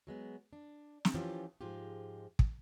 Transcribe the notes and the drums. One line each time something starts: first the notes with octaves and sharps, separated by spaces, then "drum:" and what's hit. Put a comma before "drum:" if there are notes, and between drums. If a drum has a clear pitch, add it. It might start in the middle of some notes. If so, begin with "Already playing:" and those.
F#3 G#3 B3
D4
drum: snare
E3 F3 C#4 F4 G4
G#2 F3 G#3 F4 G4
drum: kick